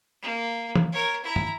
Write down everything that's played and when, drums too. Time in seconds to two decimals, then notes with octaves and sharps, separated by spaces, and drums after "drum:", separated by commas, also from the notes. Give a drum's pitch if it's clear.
0.22 A#3
0.75 drum: tom
0.92 A#4 C#5
1.24 E4 A#5
1.36 drum: tom